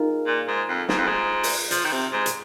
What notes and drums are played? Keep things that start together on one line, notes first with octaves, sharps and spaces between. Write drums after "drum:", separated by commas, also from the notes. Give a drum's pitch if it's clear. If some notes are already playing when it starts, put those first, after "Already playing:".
Already playing: D#4 F4 G#4 A#4
A#2
G#2
F2
G#2, drum: snare
F2
G#2
drum: open hi-hat
F3, drum: hi-hat
D#3
C3
G#2
drum: hi-hat